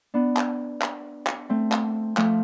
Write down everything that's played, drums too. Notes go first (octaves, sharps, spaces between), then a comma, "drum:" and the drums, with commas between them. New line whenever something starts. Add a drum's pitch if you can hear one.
B3 D4
drum: clap
drum: clap
drum: clap
A3 C4
drum: clap
F3 A3, drum: clap